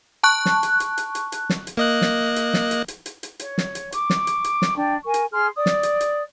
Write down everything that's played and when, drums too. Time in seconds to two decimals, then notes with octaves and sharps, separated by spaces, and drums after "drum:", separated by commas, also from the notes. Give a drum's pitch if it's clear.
0.23 A5 C#6 F#6
0.45 drum: snare
0.63 drum: hi-hat
0.80 drum: hi-hat
0.97 drum: hi-hat
1.15 drum: hi-hat
1.32 drum: hi-hat
1.50 drum: snare
1.67 drum: hi-hat
1.77 A#3 D#5 F#6
2.02 drum: snare
2.36 drum: hi-hat
2.54 drum: snare
2.71 drum: hi-hat
2.88 drum: hi-hat
3.06 drum: hi-hat
3.23 drum: hi-hat
3.39 C#5, drum: hi-hat
3.58 drum: snare
3.75 drum: hi-hat
3.92 C#6 D6, drum: hi-hat
4.10 drum: snare
4.27 drum: hi-hat
4.44 drum: hi-hat
4.62 drum: snare
4.75 D4 G5
5.04 A#4 G#5 C#6
5.14 drum: hi-hat
5.32 G#4 C6 F6
5.55 D5 D#6
5.66 drum: snare
5.83 drum: hi-hat
6.00 drum: hi-hat